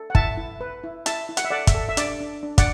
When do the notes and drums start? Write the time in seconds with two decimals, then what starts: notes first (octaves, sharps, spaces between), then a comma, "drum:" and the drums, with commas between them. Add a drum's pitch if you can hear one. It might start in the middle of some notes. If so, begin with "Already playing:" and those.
Already playing: A4
0.10 F#5
0.15 E4 E5 A5, drum: kick
0.37 E4
0.61 B4
0.83 E4
1.06 E4 E5 A5, drum: hi-hat
1.29 E4
1.37 F#5, drum: hi-hat
1.44 E5
1.50 A4 D5 F#5
1.67 E5, drum: kick, hi-hat
1.75 A4
1.89 E5
1.97 D4 D5, drum: hi-hat
2.21 D4
2.43 D4
2.58 D5 F#5, drum: kick, hi-hat